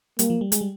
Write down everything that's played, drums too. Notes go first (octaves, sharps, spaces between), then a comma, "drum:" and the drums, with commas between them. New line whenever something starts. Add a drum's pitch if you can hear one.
G3 A#3, drum: hi-hat
F3
G3
G#3, drum: hi-hat
G3